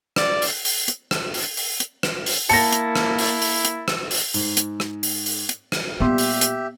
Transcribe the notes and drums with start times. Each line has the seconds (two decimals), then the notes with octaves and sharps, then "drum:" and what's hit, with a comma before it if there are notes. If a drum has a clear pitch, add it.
0.16 D5, drum: rim click
0.42 drum: open hi-hat
0.65 drum: open hi-hat
0.88 drum: hi-hat
1.11 drum: rim click
1.34 drum: open hi-hat
1.57 drum: open hi-hat
1.80 drum: hi-hat
2.03 drum: rim click
2.26 drum: open hi-hat
2.49 A#3 E4 A5 A#6 C#7, drum: open hi-hat
2.72 drum: hi-hat
2.96 drum: rim click
3.19 drum: open hi-hat
3.42 drum: open hi-hat
3.65 drum: hi-hat
3.88 drum: rim click
4.11 drum: open hi-hat
4.34 G#2, drum: open hi-hat
4.57 drum: hi-hat
4.80 drum: rim click
5.03 drum: open hi-hat
5.26 drum: open hi-hat
5.49 drum: hi-hat
5.72 drum: rim click
6.00 A#2 G3 B3 G4 E5 C6
6.18 drum: open hi-hat
6.41 drum: hi-hat